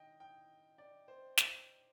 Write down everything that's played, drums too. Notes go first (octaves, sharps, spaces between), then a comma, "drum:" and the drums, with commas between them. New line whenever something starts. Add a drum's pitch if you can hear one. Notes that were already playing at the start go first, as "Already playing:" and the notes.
Already playing: D#3 D#5 G5
G5
D5
C5
drum: snare